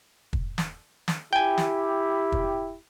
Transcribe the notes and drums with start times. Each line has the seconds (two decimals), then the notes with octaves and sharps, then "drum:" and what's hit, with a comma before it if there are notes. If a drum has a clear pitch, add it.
0.33 drum: kick
0.58 drum: snare
1.08 drum: snare
1.33 E4 G4 G5 G#5
1.58 drum: snare
2.32 drum: kick